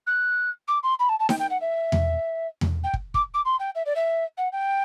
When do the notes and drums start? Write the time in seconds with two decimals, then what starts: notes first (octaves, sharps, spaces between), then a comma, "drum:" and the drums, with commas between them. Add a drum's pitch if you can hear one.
0.07 F#6
0.68 D6
0.83 C6
0.99 B5
1.09 A5
1.19 A5
1.29 G5, drum: snare D#4
1.39 G5
1.50 F#5
1.61 E5
1.92 drum: tom E2
2.61 drum: tom E2
2.83 G5
2.94 drum: kick
3.14 D6, drum: kick
3.34 D6
3.45 C6
3.59 G5
3.75 E5
3.86 D5
3.95 E5
4.37 F#5
4.52 G5